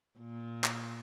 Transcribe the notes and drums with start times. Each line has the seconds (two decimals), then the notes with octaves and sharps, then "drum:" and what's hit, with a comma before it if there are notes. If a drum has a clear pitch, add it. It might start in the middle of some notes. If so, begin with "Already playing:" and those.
0.19 A#2
0.64 drum: clap